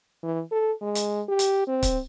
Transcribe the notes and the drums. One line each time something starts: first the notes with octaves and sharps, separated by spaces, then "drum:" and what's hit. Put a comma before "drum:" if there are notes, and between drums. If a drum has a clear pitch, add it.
E3
A4
G#3
drum: hi-hat
G4
drum: hi-hat
C4
drum: kick C#1, hi-hat